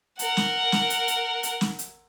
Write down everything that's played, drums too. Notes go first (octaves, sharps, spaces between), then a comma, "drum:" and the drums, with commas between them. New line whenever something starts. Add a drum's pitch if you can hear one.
A#4 F#5, drum: hi-hat
drum: snare
drum: snare
drum: hi-hat
drum: hi-hat
drum: hi-hat
drum: snare
drum: hi-hat